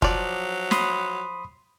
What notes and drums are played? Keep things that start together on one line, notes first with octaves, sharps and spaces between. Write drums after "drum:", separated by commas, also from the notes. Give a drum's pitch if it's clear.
F3 F#3 D5, drum: kick
B5 C6 D#6, drum: snare